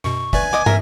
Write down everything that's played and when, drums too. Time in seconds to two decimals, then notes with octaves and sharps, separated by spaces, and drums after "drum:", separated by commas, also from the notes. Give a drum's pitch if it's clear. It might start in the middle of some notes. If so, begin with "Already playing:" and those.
0.04 F#2 B2 C#6
0.33 B4 D5 E5 G#5, drum: kick
0.53 B3 D#5 D6
0.66 A#4 E5 A#6, drum: tom